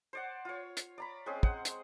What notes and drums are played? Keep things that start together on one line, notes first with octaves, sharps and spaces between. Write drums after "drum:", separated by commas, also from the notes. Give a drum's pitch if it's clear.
C5 D5 F#5
F4 C#5
drum: hi-hat
D5 A#5 B5
G#3 C4 C#4 G#4
C5 F#5, drum: kick
drum: hi-hat